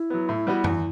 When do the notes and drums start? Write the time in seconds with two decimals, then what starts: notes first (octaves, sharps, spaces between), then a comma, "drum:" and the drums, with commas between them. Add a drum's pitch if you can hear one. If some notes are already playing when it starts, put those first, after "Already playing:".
Already playing: E4
0.10 F#3 B3
0.29 A2
0.47 G3 B3 F#4 B4
0.64 E2, drum: tom F#2